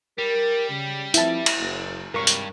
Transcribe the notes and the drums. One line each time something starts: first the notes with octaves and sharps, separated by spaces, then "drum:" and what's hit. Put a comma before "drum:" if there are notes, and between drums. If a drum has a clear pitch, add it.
G3 A#4
C#3
F3 C4 E4 A5, drum: hi-hat
drum: cymbal
F#1
G#1 G2 C3 A#4 C#6
drum: hi-hat